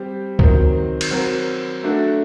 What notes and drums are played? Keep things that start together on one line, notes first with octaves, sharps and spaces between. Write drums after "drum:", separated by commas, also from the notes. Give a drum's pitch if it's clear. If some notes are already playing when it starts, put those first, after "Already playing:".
Already playing: G3 C4 G4
D#3 F#3 C4 D#4, drum: kick C#2
drum: cymbal
F#3 C4 F#4 A#4
F#3 A3 D4 F#4 A4